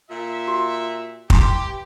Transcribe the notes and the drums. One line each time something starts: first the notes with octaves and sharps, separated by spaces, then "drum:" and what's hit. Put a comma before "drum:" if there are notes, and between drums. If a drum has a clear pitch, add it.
A#2 F4 E5
F#4
E3 G4 A#5 C6, drum: kick